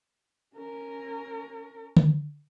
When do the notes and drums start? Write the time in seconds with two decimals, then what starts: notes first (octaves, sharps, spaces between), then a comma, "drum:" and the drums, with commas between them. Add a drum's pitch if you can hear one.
0.56 C#4 A#4
1.97 drum: tom D3